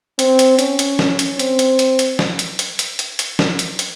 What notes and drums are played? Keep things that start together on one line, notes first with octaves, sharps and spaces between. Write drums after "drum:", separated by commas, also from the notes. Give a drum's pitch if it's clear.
C4, drum: hi-hat
drum: hi-hat
C#4, drum: hi-hat
drum: hi-hat
drum: snare
drum: hi-hat
C4, drum: hi-hat
drum: hi-hat
drum: hi-hat
drum: hi-hat
drum: snare
drum: hi-hat
drum: hi-hat
drum: hi-hat
drum: hi-hat
drum: hi-hat
drum: snare
drum: hi-hat
drum: hi-hat